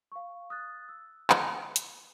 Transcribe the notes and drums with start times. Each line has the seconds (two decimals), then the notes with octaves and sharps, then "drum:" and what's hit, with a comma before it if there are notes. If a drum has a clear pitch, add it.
0.12 F5 C#6
0.50 D#6 F6 F#6 A6
0.89 E6
1.30 drum: clap
1.76 drum: hi-hat